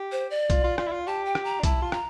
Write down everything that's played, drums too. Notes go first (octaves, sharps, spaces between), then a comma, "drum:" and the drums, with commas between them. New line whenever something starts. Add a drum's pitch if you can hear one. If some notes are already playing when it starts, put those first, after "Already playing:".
Already playing: G4
C5
D5
F4, drum: kick B1, hi-hat
F4
F4, drum: rim click
E4
F4
G4 A5
G5
drum: rim click
A#5
D4
E4 A5, drum: kick B1, hi-hat
F4
A#5, drum: rim click